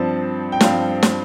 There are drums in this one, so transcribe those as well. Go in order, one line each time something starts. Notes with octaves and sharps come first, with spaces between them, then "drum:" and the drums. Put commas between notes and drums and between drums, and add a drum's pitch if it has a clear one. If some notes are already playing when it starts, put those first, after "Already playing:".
Already playing: G2 F3 C4 A5
G5
G2 F3 C4 F5, drum: snare
drum: snare